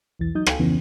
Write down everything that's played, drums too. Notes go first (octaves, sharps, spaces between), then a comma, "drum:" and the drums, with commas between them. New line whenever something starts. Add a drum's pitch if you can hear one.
B1 E2 E3 A6
F#3 D#4 D#6 G6
A4 F5 G5 G#5, drum: rim click
F2 C#3 E3 B3 C#4